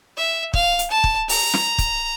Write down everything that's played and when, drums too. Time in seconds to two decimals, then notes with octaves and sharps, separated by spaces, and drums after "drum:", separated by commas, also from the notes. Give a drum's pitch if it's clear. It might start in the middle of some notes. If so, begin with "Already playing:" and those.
0.17 E5
0.54 F5, drum: kick
0.79 drum: hi-hat
0.91 A5
1.04 drum: kick
1.29 A#5, drum: open hi-hat
1.54 drum: snare
1.78 drum: kick, hi-hat